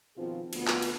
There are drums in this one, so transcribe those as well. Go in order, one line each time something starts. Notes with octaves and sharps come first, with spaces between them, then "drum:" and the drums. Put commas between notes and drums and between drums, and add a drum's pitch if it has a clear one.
B2 D#3 F3 C4 F4 G#4
D2 B3 F4, drum: cymbal
drum: clap
drum: cymbal